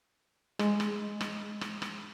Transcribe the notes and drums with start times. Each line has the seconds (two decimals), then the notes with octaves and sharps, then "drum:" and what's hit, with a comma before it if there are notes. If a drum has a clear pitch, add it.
0.59 G#3, drum: rim click
0.80 drum: rim click
1.21 drum: rim click
1.61 drum: rim click
1.82 drum: rim click